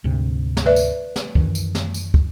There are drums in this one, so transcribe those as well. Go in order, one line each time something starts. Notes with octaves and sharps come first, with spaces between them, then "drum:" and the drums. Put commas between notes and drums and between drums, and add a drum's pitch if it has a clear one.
D2 G#2 C3
drum: snare
B4 D5 E5
drum: tambourine
drum: snare
F#2 D#3 E3, drum: kick
drum: tambourine
drum: snare
drum: tambourine
drum: kick